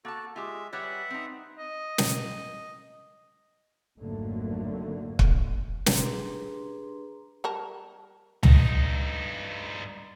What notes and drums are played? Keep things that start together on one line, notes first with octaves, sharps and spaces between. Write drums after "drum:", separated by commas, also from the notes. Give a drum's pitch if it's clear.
A#3 F#4 A4 A5
G#3 F4 G4 E5
G3 B4 C#5 D5 E5 F#5
C4 D#4
D#5
drum: snare
G#1 F2 D3 F#3 A3 A#3
drum: kick
D4 G4 G#4 B4 A#5 C6, drum: snare
G3 A#4 A5
G2 D#4, drum: tom C#2